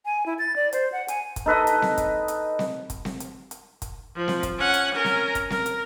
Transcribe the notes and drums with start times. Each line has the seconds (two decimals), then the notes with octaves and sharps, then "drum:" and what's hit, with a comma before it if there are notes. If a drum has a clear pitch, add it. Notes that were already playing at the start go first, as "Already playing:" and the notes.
0.05 G#5
0.26 E4
0.39 A6
0.56 D5
0.73 C5, drum: hi-hat
0.92 F#5
1.08 G#5, drum: hi-hat
1.36 drum: kick, hi-hat
1.46 D#4 A4 B4 D#5
1.67 drum: hi-hat
1.82 drum: snare C4
1.98 drum: kick, hi-hat
2.28 drum: hi-hat
2.59 drum: snare C4
2.90 drum: kick, hi-hat
3.05 drum: snare C4
3.20 drum: hi-hat
3.51 drum: hi-hat
3.82 drum: kick, hi-hat
4.16 F3
4.28 drum: snare C4
4.43 drum: kick, hi-hat
4.58 C#4 F#5
4.74 drum: hi-hat
4.95 C#4 A#4
5.04 drum: snare C4
5.35 drum: kick, hi-hat
5.50 A#4, drum: snare C4
5.66 drum: hi-hat